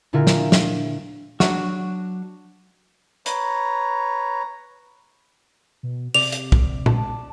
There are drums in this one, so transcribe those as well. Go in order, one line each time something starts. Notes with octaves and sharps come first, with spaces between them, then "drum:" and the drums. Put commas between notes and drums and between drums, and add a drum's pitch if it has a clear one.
A#2 D3 E4 F4 G#4 A#4
drum: snare
drum: snare
F#3 D4 F#4, drum: snare
B4 C#5 A#5, drum: hi-hat
B2
C3 D5 F7, drum: open hi-hat
drum: hi-hat
drum: kick B1
A5, drum: tom A#2